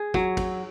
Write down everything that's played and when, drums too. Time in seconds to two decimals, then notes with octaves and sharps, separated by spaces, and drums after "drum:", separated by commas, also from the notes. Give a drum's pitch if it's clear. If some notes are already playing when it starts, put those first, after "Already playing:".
Already playing: G#4
0.14 F#3, drum: kick
0.37 drum: kick, cymbal